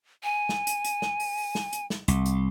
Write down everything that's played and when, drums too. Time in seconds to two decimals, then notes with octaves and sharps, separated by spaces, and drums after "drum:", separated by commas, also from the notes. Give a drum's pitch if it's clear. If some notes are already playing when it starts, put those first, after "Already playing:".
0.24 G#5
0.49 drum: snare
0.67 drum: hi-hat
0.84 drum: hi-hat
1.02 drum: snare
1.20 drum: open hi-hat
1.37 drum: open hi-hat
1.55 drum: snare
1.73 drum: hi-hat
1.90 drum: snare
2.08 C2, drum: hi-hat
2.26 drum: hi-hat